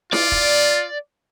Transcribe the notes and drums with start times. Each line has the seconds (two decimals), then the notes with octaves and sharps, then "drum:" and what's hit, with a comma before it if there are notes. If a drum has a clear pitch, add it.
0.13 F4 D5, drum: snare E4
0.32 drum: kick E1